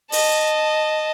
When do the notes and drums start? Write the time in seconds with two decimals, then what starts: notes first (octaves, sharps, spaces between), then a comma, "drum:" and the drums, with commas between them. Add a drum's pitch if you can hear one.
0.12 D#5 A5, drum: open hi-hat